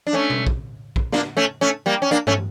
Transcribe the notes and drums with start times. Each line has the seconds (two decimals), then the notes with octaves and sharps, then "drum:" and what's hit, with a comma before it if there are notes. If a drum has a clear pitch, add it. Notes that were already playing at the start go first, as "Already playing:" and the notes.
0.07 D4
0.13 A3 C#4
0.30 drum: tom B2
0.47 drum: kick
0.96 drum: kick
1.12 A#3 D4, drum: snare
1.37 A3 C#4
1.61 A3 C#4
1.86 G3 A#3
2.02 C#4
2.11 A#3 D4
2.27 A3 C#4, drum: tom G2